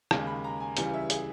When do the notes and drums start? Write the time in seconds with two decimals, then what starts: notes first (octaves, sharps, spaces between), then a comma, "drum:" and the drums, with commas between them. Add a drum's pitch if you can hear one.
0.11 D#2 C#3 G#3 C#4, drum: rim click
0.27 B5
0.44 A#5
0.60 G#5
0.77 C#2 C#3 E3 G3 G#5, drum: hi-hat
0.94 E5
1.10 G#4, drum: hi-hat